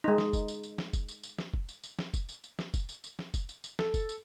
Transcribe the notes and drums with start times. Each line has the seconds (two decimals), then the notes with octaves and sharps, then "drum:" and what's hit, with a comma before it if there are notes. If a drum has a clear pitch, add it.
0.04 G#3 D#4
0.18 drum: snare
0.33 drum: kick F1, tambourine
0.48 drum: tambourine
0.63 drum: tambourine
0.78 drum: snare
0.93 drum: kick F1, tambourine
1.08 drum: tambourine
1.23 drum: tambourine
1.39 drum: snare
1.54 drum: kick F1
1.69 drum: tambourine
1.84 drum: tambourine
1.99 drum: snare
2.14 drum: kick F1, tambourine
2.29 drum: tambourine
2.44 drum: tambourine
2.59 drum: snare
2.74 drum: kick F1, tambourine
2.89 drum: tambourine
3.04 drum: tambourine
3.19 drum: snare
3.34 drum: kick F1, tambourine
3.49 drum: tambourine
3.64 drum: tambourine
3.79 A4, drum: snare
3.94 drum: kick F1, tambourine
4.09 drum: tambourine